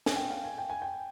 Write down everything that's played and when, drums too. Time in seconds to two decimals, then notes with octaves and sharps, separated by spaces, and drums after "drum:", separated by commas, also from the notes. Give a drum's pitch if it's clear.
0.06 G#5, drum: snare
0.16 G5
0.30 F5
0.44 G#5
0.58 G5
0.70 G#5
0.82 G5